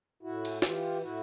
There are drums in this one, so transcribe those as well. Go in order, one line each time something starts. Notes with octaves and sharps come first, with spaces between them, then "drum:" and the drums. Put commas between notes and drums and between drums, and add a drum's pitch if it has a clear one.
A2 E4 F#4
drum: cymbal
E3 F4 G4, drum: snare
A2 E4 F#4